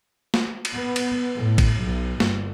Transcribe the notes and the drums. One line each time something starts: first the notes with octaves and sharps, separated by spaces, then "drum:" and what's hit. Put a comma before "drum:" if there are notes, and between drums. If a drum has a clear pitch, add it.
drum: snare
drum: cymbal
B3
drum: cymbal
A2
drum: kick G#1, cymbal
B1
G1, drum: snare